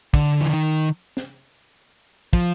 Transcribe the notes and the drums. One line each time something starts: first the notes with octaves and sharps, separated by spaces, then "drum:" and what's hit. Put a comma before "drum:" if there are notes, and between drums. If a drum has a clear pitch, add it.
D3, drum: kick
E3
D#3
drum: snare
F3, drum: kick